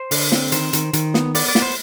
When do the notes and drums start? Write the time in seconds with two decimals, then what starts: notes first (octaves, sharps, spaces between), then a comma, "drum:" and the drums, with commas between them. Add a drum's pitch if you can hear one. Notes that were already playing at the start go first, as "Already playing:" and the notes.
Already playing: C5
0.11 D3, drum: open hi-hat
0.32 C4, drum: snare
0.52 D#3 C5, drum: hi-hat
0.73 D#3, drum: hi-hat
0.93 D#3, drum: hi-hat
1.14 B3, drum: snare
1.35 B3 D5, drum: open hi-hat
1.48 D5
1.55 B3, drum: snare
1.62 C5